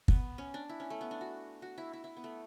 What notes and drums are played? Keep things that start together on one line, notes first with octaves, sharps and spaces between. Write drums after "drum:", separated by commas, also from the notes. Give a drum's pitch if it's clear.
B3, drum: kick
C#4
D4
E4
C#4
A3
B3
D4
F#4
F#4
E4
E4
E4
B3
A3